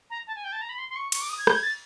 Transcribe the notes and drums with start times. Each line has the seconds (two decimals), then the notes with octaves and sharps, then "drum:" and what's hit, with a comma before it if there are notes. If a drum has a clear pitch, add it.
0.10 A#5
0.27 A5
0.36 G#5
0.44 G5
0.52 A5
0.61 A#5
0.69 B5
0.78 C6
0.89 C6
0.96 C#6
1.12 C#6, drum: cymbal
1.21 D6
1.29 D#6
1.38 G#6
1.47 G6, drum: rim click
1.55 G#6
1.63 A6